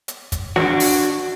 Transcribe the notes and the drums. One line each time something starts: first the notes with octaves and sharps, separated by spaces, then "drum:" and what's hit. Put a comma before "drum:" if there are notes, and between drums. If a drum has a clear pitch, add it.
drum: hi-hat
drum: kick, hi-hat
D4 F#4, drum: snare
drum: open hi-hat